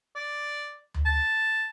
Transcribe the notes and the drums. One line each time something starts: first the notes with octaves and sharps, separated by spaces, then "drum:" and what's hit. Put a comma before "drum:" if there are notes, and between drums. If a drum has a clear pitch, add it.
D5
drum: tom D2
A5